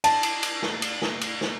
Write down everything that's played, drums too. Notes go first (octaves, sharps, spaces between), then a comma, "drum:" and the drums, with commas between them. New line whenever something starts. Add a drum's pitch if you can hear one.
A5, drum: cymbal
drum: cymbal
drum: cymbal
drum: snare
drum: cymbal
drum: snare
drum: cymbal
drum: snare